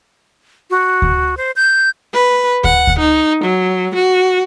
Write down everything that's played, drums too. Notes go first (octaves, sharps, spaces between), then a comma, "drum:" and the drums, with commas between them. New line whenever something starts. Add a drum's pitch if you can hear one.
F#4
drum: kick D2
C5
G6
B4
F#5, drum: kick D2
drum: kick D2
D#4
F#3
F#4